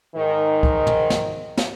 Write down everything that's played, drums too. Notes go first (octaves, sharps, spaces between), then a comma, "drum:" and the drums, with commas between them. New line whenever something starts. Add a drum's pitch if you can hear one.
G#2 D#3
drum: kick
drum: tom B2
drum: snare
drum: snare